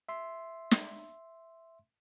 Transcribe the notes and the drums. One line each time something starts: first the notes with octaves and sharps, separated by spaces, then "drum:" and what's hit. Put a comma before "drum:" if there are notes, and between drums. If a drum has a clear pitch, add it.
E5 C6
drum: snare